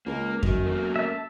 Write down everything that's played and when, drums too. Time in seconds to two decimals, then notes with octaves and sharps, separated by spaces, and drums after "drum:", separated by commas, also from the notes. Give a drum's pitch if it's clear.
0.06 C#2 A#3
0.43 F#2 D#3, drum: kick F2
0.66 A3 A#3
0.96 E5 A5